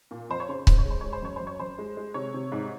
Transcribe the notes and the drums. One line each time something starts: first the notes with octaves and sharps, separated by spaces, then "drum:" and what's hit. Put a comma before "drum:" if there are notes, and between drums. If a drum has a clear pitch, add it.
A#2
F2 C5
C#5
C#3 C5
C#3 C5, drum: kick C#1
C#5
G#3 C5
G#3 C#5
C5
F#2 C#5
F#2 C5
C#5
F#2 C5
G#3
G#3
C3 C#5
C3
G#2